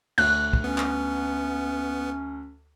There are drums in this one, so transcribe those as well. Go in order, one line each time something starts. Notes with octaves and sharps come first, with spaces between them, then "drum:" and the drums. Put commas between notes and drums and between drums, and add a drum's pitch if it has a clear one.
D2 F#6, drum: cymbal
drum: kick B1
B3 C#4
drum: clap